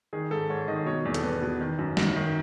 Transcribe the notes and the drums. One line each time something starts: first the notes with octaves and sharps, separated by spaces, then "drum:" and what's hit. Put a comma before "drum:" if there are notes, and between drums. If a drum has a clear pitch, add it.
D#3 G#4
G#2 A4
G#2 C#5
D#3 D#5
B2 C#5
E2
A4, drum: hi-hat
E2 B4
B2
D#3
F#2
F#2, drum: snare
D#3